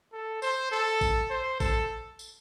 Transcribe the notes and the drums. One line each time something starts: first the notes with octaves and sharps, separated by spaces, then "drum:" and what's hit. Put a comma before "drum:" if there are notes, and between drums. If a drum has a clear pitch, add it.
A4
C5, drum: tambourine
A4
drum: kick A1, tambourine
C5
A4, drum: kick A1, tambourine
drum: tambourine